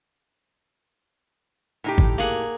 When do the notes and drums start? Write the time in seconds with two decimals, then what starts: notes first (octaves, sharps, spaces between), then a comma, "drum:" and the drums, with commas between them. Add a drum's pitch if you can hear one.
1.84 A2 D#4 G4
1.98 drum: kick G#1
2.18 A#3 G#4 F#5